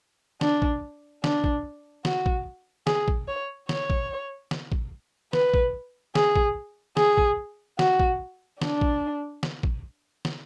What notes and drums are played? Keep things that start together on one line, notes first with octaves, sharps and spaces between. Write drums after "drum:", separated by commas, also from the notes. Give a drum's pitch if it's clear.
D4, drum: snare
drum: kick
D4, drum: snare
drum: kick
F#4, drum: snare
drum: kick
G#4, drum: snare
drum: kick
C#5
C#5, drum: snare
drum: kick
drum: snare
drum: kick
B4, drum: snare
drum: kick
G#4, drum: snare
drum: kick
G#4, drum: snare
drum: kick
F#4, drum: snare
drum: kick
D4, drum: snare
drum: kick
drum: snare
drum: kick
drum: snare